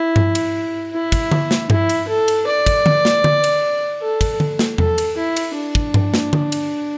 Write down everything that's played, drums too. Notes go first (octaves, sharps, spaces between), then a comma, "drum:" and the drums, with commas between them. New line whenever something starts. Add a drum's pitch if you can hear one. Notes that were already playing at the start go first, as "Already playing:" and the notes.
Already playing: E4
drum: tom G2
drum: cymbal
E4
drum: kick, cymbal
drum: tom D3
drum: snare
E4, drum: tom G2
drum: cymbal
A4
drum: cymbal
D5
drum: kick, cymbal
drum: tom D3
drum: snare
drum: tom D3
drum: cymbal
A4
drum: kick, cymbal
drum: tom D3
drum: snare
A4, drum: tom E2
drum: cymbal
E4
drum: cymbal
D4
drum: kick
drum: tom G2
drum: snare
drum: tom D3
drum: cymbal